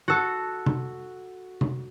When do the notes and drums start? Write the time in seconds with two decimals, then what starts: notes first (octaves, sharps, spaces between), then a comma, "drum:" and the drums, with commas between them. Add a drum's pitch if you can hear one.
0.08 F#4 A4
0.66 drum: tom C3
1.61 drum: tom C3